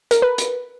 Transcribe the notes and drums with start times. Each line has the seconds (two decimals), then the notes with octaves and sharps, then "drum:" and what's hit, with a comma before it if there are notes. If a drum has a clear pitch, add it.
0.11 A#4, drum: hi-hat
0.22 B4
0.38 drum: hi-hat